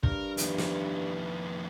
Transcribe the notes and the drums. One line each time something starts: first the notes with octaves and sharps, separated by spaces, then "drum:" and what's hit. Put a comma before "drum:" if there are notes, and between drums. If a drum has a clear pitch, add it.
G2 A#4, drum: kick
F2 D#3 E3, drum: hi-hat
drum: snare